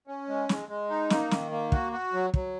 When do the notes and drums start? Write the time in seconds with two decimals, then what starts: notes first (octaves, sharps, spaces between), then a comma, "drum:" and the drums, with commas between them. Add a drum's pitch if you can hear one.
0.07 C#4
0.28 G#3
0.49 G#3, drum: snare
0.69 G#3
0.90 D#4
1.10 A#3, drum: snare
1.31 D#3, drum: snare
1.51 A#3
1.72 F#4, drum: kick
1.92 F#4
2.13 F#3
2.34 F#3, drum: kick